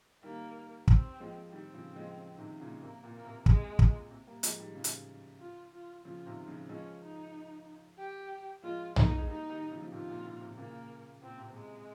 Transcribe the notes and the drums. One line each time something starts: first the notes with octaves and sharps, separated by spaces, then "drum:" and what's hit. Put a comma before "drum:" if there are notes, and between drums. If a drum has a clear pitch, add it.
D#3 G3 A#3
C4, drum: kick
F3 G#3
D#3 G3 C4
C#3 F3
F3 G#3
C3 D#3
A#2 C#3
C3 A#3
A#2
A#3
C3
C3 G#3, drum: kick
A#2, drum: kick
C3
G3 A#3
F3 G#3, drum: hi-hat
D#3 G3
C#3 F3
drum: hi-hat
F4
F4
C#3 F3 F4
C3 D#3
D#3
C#3 F3
F3 G#3 C#4
D#4
G4
F3 G#3 F4
D#4, drum: tom B1
G#3
G3 A#3 D#4
D#3 G3
C#3 F3
F3
C3 D#3 F4
A#2
A#2
C3
A#2 C#3 A#3
A#2 C4
C3
C3 G#3